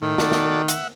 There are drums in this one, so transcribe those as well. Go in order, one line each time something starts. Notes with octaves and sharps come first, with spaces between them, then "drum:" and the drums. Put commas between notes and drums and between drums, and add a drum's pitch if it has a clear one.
A2 D#3
F#4 A4 D5, drum: snare
drum: snare
E5 F#5, drum: hi-hat